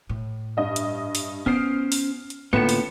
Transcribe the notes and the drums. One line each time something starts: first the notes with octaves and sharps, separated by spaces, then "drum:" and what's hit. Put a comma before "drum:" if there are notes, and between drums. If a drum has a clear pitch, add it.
A2
G2 D#5 E5
drum: hi-hat
drum: open hi-hat
B3 C#4 F4 C5 D#6 F6 C7 D7
drum: open hi-hat
drum: hi-hat
A2 D3 A#3 B3 C#4 F4 C#7 E7
drum: open hi-hat